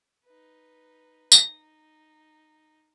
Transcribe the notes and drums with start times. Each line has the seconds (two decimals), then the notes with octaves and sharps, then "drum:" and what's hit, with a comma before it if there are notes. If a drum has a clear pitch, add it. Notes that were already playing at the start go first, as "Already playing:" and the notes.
0.24 D#4 B4
1.32 D#4, drum: tambourine